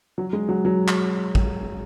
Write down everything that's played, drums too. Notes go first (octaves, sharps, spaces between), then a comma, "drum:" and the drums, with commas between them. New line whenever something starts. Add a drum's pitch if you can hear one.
F#3
G#3
F#3
F#3
drum: clap
drum: kick